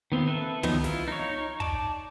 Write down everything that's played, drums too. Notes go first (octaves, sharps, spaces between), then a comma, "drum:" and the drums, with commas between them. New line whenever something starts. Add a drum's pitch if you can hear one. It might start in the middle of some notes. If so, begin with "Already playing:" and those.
D#3 B3 C4 F4
A4 B4 E5
D#3 F3 F#3 B3 D#4, drum: tom
E4 F4, drum: snare
D#4 C#5
D5 A5, drum: kick